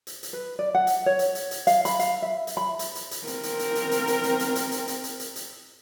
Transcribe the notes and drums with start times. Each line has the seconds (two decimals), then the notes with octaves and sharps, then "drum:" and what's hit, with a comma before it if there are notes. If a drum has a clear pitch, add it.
0.07 drum: hi-hat
0.23 drum: hi-hat
0.33 B4
0.59 D5
0.75 F#5
0.87 drum: hi-hat
1.06 C#5
1.19 drum: hi-hat
1.35 drum: hi-hat
1.51 drum: hi-hat
1.67 F5, drum: hi-hat
1.85 B5, drum: hi-hat
1.99 F5, drum: hi-hat
2.22 E5
2.47 drum: hi-hat
2.57 B5
2.79 drum: hi-hat
2.95 drum: hi-hat
3.11 drum: hi-hat
3.27 C4 A#4, drum: hi-hat
3.43 drum: hi-hat
3.59 drum: hi-hat
3.75 drum: hi-hat
3.91 drum: hi-hat
4.07 drum: hi-hat
4.23 drum: hi-hat
4.39 drum: hi-hat
4.55 drum: hi-hat
4.71 drum: hi-hat
4.88 drum: hi-hat
5.04 drum: hi-hat
5.20 drum: hi-hat
5.36 drum: hi-hat